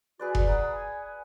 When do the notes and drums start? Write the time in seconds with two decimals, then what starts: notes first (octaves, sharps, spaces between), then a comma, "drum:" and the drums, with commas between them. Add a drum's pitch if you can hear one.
0.19 F#4 G#4 B4 D5
0.35 drum: kick F1
0.47 F#5 A#5 B5 D#6
0.72 G#5